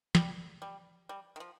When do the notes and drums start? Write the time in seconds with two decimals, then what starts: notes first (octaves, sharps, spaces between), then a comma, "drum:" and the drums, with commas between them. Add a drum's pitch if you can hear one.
0.15 G3, drum: snare
0.62 G3
1.09 G3
1.36 D#3
1.40 F3